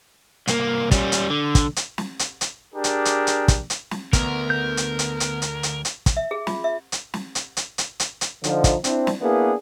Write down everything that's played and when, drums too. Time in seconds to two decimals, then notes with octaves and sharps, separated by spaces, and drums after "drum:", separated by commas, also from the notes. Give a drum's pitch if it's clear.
0.47 C2 A#3, drum: hi-hat
0.91 G3 C#4, drum: kick, hi-hat
1.12 drum: hi-hat
1.30 D3
1.55 drum: kick, hi-hat
1.76 drum: hi-hat
1.98 drum: snare
2.19 drum: hi-hat
2.41 drum: hi-hat
2.75 D4 G4 G#4 A#4
2.84 drum: hi-hat
3.05 drum: hi-hat
3.27 drum: hi-hat
3.48 drum: kick, hi-hat
3.70 drum: hi-hat
3.91 drum: snare
4.13 D2 B3 A#4, drum: kick, hi-hat
4.50 G6
4.77 drum: hi-hat
4.99 drum: hi-hat
5.20 drum: hi-hat
5.42 drum: hi-hat
5.63 drum: hi-hat
5.85 drum: hi-hat
6.06 drum: kick, hi-hat
6.17 E5
6.31 G#4
6.47 F4, drum: snare
6.64 E5
6.92 drum: hi-hat
7.14 drum: snare
7.35 drum: hi-hat
7.57 drum: hi-hat
7.78 drum: hi-hat
8.00 drum: hi-hat
8.21 drum: hi-hat
8.44 D3 F3 D#4, drum: hi-hat
8.64 drum: kick, hi-hat
8.84 C4 D4 E4, drum: hi-hat
9.07 drum: snare
9.21 A#3 B3 D4 E4 G#4 B4